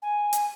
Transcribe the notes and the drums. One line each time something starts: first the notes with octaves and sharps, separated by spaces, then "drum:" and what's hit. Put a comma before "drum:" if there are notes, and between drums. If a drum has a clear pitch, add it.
G#5
drum: hi-hat